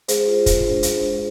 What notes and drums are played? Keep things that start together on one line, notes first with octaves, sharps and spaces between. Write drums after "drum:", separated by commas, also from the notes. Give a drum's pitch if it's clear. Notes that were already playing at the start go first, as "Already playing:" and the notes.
G#3 G#4 C5, drum: hi-hat
F4
G#3, drum: kick, hi-hat
D4
G#3, drum: hi-hat
F4